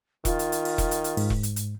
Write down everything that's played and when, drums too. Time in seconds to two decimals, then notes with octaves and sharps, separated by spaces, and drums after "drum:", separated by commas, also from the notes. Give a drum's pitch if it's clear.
0.25 D#3 F4, drum: kick E1, hi-hat
0.39 drum: hi-hat
0.52 drum: hi-hat
0.65 drum: open hi-hat
0.78 drum: kick E1, hi-hat
0.91 drum: hi-hat
1.04 drum: hi-hat
1.17 G#2, drum: open hi-hat
1.30 drum: kick E1
1.43 drum: hi-hat
1.56 drum: hi-hat